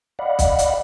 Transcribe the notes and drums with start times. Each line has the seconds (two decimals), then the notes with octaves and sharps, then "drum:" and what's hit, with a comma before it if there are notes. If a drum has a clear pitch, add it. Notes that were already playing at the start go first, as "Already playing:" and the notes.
0.19 D5 D#5 F5 F#5 B5
0.39 drum: kick, hi-hat
0.59 drum: hi-hat